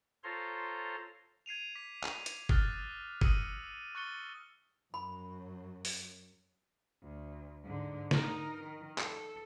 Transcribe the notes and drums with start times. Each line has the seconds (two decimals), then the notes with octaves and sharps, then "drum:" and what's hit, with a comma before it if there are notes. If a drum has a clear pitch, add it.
0.24 F4 A4 C5 C#5 A#5 C6
1.46 G#6 C7 D#7 F7
1.75 D6 B6
2.03 drum: clap
2.26 drum: hi-hat
2.49 D6 D#6 F6 F#6 A6, drum: kick
3.21 D#6 E6 A#6 C#7 D#7, drum: kick
3.95 C#6 F#6 A6 C#7 G7
4.94 F#2 B5
5.85 drum: open hi-hat
7.02 D2
7.63 G#2 D3
8.11 D#4 A#4, drum: snare
8.64 D#3
8.98 A4, drum: clap